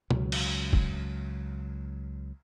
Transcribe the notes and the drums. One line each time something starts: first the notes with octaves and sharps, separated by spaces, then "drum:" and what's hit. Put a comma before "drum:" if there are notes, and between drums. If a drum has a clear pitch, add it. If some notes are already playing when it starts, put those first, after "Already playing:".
C#2 F#3, drum: tom B2
drum: cymbal
drum: kick